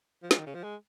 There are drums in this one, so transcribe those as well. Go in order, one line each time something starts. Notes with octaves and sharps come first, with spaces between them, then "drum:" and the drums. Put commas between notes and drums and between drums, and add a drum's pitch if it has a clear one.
F3
G#3, drum: snare
D#3
C#3
F3
G#3